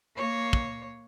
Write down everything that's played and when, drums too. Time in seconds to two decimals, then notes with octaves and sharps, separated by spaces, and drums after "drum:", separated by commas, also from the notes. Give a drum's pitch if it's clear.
0.16 A#3 C#5
0.53 drum: kick